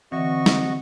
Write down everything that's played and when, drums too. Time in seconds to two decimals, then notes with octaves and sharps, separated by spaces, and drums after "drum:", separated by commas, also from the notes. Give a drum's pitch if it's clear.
0.12 D3 E3 C4 F#4 D#5 C#6
0.46 drum: snare